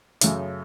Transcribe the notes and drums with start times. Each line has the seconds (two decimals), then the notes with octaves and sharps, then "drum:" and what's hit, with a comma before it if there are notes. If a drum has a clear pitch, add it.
0.21 F#2 C#3 A3, drum: hi-hat